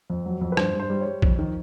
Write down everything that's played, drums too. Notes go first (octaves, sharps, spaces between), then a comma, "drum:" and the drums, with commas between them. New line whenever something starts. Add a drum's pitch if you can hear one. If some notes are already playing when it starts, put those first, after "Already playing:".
F2
F#3
F2
B4
G2 C5, drum: rim click
G2
C5
G3
C#5
G3
F2, drum: kick
D#3